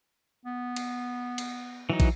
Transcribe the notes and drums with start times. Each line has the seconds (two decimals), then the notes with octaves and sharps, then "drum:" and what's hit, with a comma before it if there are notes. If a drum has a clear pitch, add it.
0.46 B3
0.76 drum: cymbal
1.38 drum: cymbal
1.90 E3 F#3 D#4
2.00 drum: kick, cymbal